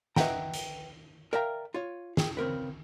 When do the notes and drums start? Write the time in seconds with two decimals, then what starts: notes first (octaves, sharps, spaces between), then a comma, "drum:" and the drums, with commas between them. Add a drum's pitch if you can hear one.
0.16 B4 D#5 E5 F#5 G5 A#5, drum: snare
0.54 drum: hi-hat
1.33 A#4 D5 E5 F5 G5 A#5
1.74 F4 C#5
2.17 G#4 G5, drum: snare
2.37 C#3 C4 A#4 B4